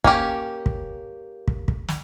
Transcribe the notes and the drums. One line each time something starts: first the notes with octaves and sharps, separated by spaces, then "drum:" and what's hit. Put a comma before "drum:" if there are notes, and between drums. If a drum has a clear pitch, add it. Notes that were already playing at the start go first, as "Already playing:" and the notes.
A#3 C#4 G4, drum: kick
drum: kick
drum: kick
drum: kick
drum: snare